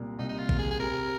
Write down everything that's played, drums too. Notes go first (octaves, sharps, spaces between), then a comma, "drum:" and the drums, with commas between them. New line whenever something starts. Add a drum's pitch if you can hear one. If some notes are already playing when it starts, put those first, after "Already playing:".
Already playing: C2 A#2 A#3
C2 D#4
D#4
F4
A#2 A#3, drum: kick A#1
G#4
G#4
C3 A#4